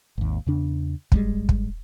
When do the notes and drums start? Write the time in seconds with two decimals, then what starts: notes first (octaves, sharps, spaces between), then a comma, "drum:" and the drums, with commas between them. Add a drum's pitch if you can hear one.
0.18 G#1 D#2
0.46 E2 C#3 D4
1.12 G#1 G3 G#3, drum: kick
1.49 drum: kick